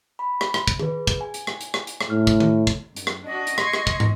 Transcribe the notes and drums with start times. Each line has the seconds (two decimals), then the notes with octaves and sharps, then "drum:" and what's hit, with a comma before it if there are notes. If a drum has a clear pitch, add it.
0.19 B5
0.41 drum: rim click
0.54 drum: rim click
0.67 drum: kick
0.79 G#4 B4, drum: tom D#3
1.07 drum: kick
1.21 G#5
1.34 drum: hi-hat
1.47 drum: rim click
1.61 drum: hi-hat
1.74 drum: rim click
1.87 drum: hi-hat
2.01 drum: rim click
2.10 A2 F6
2.27 drum: kick
2.40 drum: tom D#3
2.67 drum: kick
2.96 F#2, drum: hi-hat
3.07 drum: rim click
3.25 D4 F#4 D#5
3.47 drum: hi-hat
3.58 C6 C#6 G#6, drum: rim click
3.73 drum: rim click
3.87 drum: kick
4.00 drum: tom